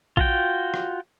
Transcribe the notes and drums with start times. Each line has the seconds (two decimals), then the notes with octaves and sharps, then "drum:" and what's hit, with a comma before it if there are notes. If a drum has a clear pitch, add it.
0.17 F4 F#4 G5, drum: kick A#1
0.74 drum: rim click